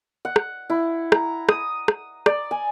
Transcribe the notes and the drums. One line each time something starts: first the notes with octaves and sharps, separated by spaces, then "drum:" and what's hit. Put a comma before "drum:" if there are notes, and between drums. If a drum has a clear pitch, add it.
F#5
drum: rim click
E4
A#5, drum: rim click
D#6, drum: rim click
drum: rim click
D5, drum: rim click
G#5